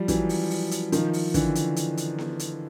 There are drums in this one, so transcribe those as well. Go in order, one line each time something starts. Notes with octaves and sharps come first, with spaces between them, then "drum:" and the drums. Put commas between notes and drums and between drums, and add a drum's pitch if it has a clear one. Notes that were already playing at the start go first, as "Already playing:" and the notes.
Already playing: F3 G3
E3 F#3, drum: kick, hi-hat
drum: open hi-hat
drum: open hi-hat
drum: hi-hat
D#3 F3, drum: hi-hat
drum: open hi-hat
D3 E3, drum: kick, hi-hat
drum: hi-hat
drum: hi-hat
drum: hi-hat
drum: snare B3
drum: hi-hat